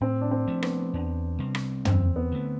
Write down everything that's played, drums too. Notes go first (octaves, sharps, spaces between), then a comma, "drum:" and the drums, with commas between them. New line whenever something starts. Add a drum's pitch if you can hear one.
A2 C4
D4
C4
F3 A3
B3, drum: rim click
E2 D4
C3 G3 C4
drum: rim click
E2 C4, drum: tom
B3
D3 A3